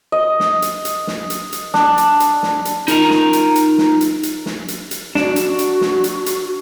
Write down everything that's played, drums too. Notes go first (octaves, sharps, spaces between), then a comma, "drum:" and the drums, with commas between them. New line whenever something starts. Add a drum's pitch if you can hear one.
D#5
drum: snare
drum: hi-hat
drum: hi-hat
drum: snare
drum: hi-hat
drum: hi-hat
D4, drum: snare
drum: hi-hat
drum: hi-hat
drum: snare
drum: hi-hat
D#4 F4 A#4 C#5 D#5 A#5, drum: hi-hat
drum: snare
drum: hi-hat
drum: hi-hat
drum: snare
drum: hi-hat
drum: hi-hat
drum: snare
drum: hi-hat
drum: hi-hat
D4 F#4, drum: snare
drum: hi-hat
drum: hi-hat
drum: snare
drum: hi-hat
drum: hi-hat